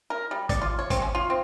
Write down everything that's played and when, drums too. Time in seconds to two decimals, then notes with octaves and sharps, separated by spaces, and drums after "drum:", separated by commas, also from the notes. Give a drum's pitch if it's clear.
0.10 A#4
0.31 G3
0.49 D5, drum: kick G#1, hi-hat
0.62 F4
0.79 C#5
0.90 C4, drum: kick G#1, hi-hat
1.02 C#4
1.15 F4
1.30 C4